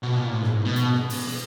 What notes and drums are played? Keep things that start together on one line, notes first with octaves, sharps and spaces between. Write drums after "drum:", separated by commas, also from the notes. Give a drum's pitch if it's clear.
B2
A#2
A2
G#2, drum: snare
B2
drum: hi-hat
drum: snare
drum: open hi-hat
drum: snare